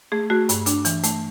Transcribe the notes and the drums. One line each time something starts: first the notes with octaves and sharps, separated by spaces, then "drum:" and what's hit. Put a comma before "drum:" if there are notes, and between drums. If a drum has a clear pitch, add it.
A3 G#4
A3 F#4
G2, drum: hi-hat
D4, drum: hi-hat
E3, drum: hi-hat
A3, drum: hi-hat